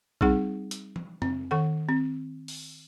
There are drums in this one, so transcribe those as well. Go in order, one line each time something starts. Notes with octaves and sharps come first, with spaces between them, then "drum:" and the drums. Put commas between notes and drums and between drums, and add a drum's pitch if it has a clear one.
G3 C4 D#4 G#4 F#5, drum: kick
drum: hi-hat
drum: tom E3
C4, drum: tom
D#3 A4 F#5
C4
drum: open hi-hat